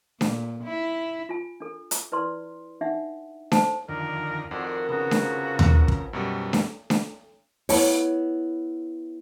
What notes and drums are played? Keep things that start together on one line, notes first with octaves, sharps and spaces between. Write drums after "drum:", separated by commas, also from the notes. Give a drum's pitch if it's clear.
A#2, drum: snare D4
E4
F4 G#5
D4 A4
drum: hi-hat
E4 B4 D5 C6
D4 D#4 E5 F#5
C5 A5, drum: snare D4
F2 D3 D#3 A#4
F2 D#3 F#4 D5 F#5 C6
C#3 B3 F#4 G#4 A#4
drum: snare D4
F3
drum: tom D#2
drum: kick
F#2 B2 G3
drum: snare D4
drum: snare D4
B3 E4 C#5, drum: open hi-hat